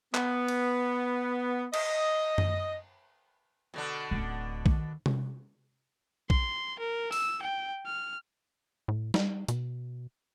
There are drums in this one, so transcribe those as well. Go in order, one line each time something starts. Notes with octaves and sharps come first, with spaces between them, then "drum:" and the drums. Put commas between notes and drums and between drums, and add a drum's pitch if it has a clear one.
B3, drum: clap
drum: cymbal
D#5, drum: cymbal
drum: tom F#2
B2 D3 D4
D1 C#4
D#3, drum: kick
drum: tom C3
C6, drum: kick
A#4
E6, drum: open hi-hat
G5
F6
A2
G3, drum: snare
B2, drum: hi-hat